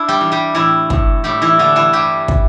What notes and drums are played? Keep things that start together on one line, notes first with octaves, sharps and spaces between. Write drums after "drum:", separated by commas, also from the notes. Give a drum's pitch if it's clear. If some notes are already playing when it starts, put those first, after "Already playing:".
Already playing: D4 E4
G3 G4
E3
G3 G4
A2 E3 E4
A2, drum: kick
A2 G3 G4
E3 E4
D3 E3 D4
E3 E4
G2 G3 G4
drum: kick